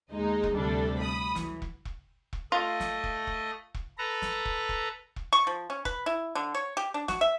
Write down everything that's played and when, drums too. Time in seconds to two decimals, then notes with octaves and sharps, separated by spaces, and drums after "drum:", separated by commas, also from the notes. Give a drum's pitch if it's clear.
0.11 D#2 G#3 D#4 D#5
0.43 drum: kick E1
0.54 D2 C3 G3 A3 D4 A4
1.00 B5 D#6
1.35 E3 F#3, drum: snare
1.62 drum: kick E1
1.85 drum: kick E1
2.33 drum: kick E1
2.52 A3 F4 D#5
2.80 drum: snare
3.04 drum: kick E1
3.27 drum: kick E1
3.74 drum: kick E1
3.98 A4 B4 A#5
4.22 drum: snare
4.45 drum: kick E1
4.69 drum: kick E1
5.16 drum: kick E1
5.33 C#6
5.47 F3
5.70 C#4
5.85 B4, drum: kick E1
6.06 E4
6.35 D3
6.55 C#5
6.77 G4
6.94 D4
7.08 F#4, drum: snare
7.21 E5